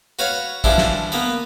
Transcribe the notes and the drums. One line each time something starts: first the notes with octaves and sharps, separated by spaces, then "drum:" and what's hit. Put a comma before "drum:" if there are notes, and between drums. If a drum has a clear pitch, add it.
F#4 B4 C#5 F5
E3 F3 G3 D4 E4, drum: kick
drum: snare
A#3 B3 B4